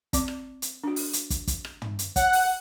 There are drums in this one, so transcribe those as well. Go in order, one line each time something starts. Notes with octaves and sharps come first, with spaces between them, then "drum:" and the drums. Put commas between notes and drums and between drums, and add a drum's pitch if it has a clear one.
C4 D5 D6, drum: kick, hi-hat
drum: rim click
drum: hi-hat
D4 F#4
drum: open hi-hat
drum: hi-hat
drum: kick, hi-hat
drum: kick, hi-hat
drum: rim click
drum: tom
drum: hi-hat
C#5 F#5, drum: kick, hi-hat
drum: open hi-hat